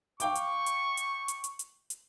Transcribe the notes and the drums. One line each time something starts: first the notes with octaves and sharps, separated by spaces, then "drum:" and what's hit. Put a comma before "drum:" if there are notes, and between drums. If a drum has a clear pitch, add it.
F5 G5 C#6 D6, drum: hi-hat
drum: hi-hat
drum: hi-hat
drum: hi-hat
drum: hi-hat
drum: hi-hat
drum: hi-hat
drum: hi-hat